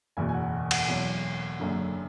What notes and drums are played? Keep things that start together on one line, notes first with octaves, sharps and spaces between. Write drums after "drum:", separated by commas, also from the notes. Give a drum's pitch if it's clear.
F#1 E2 B2 G#5
G#5
F#5
F#5, drum: cymbal
E2 B2 F#3
F#1 F#2 D3